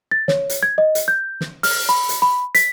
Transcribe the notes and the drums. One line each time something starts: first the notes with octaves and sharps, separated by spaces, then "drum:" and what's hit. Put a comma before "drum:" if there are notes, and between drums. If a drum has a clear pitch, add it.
A6
C#5, drum: snare
drum: hi-hat
G#6
D#5
drum: hi-hat
G6
drum: snare
F6, drum: open hi-hat
B5
drum: hi-hat
B5
B6, drum: hi-hat